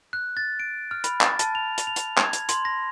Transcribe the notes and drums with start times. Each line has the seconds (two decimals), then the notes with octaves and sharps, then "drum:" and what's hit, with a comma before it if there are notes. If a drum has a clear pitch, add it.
0.13 F#6
0.37 A6
0.60 D7
0.91 F6
1.04 B5, drum: hi-hat
1.21 A6, drum: clap
1.39 A5, drum: hi-hat
1.55 F7
1.78 drum: hi-hat
1.87 F7
1.96 drum: hi-hat
2.18 G#6, drum: clap
2.33 drum: hi-hat
2.49 C6, drum: hi-hat
2.65 A#6